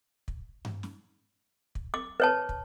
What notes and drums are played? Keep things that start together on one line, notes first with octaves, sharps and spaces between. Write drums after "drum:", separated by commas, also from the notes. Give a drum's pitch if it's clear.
drum: kick
drum: tom G2
drum: snare
drum: kick
D6
B4 C#5 A5
drum: kick